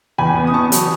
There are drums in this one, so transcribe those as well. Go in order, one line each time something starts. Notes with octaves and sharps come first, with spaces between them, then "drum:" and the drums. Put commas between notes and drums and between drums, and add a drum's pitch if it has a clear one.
E2 G#5 B5
B3
D#6
B3 A5 C#6
F#3, drum: hi-hat